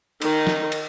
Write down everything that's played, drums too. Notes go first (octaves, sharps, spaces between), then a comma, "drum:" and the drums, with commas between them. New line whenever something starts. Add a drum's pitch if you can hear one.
D#3 D#4, drum: cymbal
drum: snare
drum: cymbal